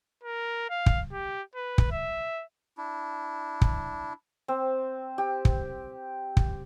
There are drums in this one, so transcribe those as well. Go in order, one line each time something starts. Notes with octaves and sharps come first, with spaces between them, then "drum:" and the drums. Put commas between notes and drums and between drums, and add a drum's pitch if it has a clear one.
A#4
F5
drum: kick
G4
B4
drum: kick
E5
D4 E4
drum: kick
C4
G4
drum: kick
drum: kick